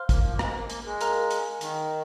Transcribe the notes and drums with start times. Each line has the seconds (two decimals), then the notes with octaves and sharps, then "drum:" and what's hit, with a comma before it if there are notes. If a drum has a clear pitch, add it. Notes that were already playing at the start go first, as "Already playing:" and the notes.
Already playing: C5 F5 C6 F6
0.09 A#3, drum: kick, hi-hat
0.24 F3
0.33 A#3
0.39 G#3, drum: rim click
0.55 A#3
0.70 A#3, drum: hi-hat
0.85 G#3
1.01 A#4 F5 A#5 F6, drum: hi-hat
1.31 drum: hi-hat
1.61 D#3, drum: hi-hat